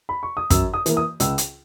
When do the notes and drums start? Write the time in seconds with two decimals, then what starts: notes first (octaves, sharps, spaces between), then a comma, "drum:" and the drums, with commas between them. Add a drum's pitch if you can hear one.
0.09 B5
0.23 C#6
0.37 D#6
0.50 F#2 E6, drum: kick, hi-hat
0.74 D#6
0.86 E3 A#3, drum: hi-hat
0.97 D#6
1.20 C#2 E6, drum: hi-hat
1.38 drum: hi-hat